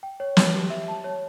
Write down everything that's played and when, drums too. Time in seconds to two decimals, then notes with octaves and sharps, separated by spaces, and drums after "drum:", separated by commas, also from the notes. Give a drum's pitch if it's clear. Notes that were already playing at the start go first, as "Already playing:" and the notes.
0.03 G5
0.20 C#5
0.37 G5, drum: snare
0.54 G4
0.70 E5
0.88 A5
1.04 C#5